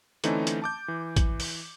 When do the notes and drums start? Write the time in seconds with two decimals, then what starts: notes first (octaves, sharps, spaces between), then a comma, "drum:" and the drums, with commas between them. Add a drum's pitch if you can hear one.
0.24 D3 E3 A3 C4 C#4 D#4, drum: hi-hat
0.47 drum: hi-hat
0.62 A5 D6 G6
0.88 E3
1.16 drum: kick A1, hi-hat
1.40 drum: open hi-hat